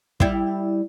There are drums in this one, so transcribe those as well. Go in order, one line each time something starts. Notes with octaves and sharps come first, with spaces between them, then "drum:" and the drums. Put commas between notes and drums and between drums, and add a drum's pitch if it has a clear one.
G3 E4, drum: kick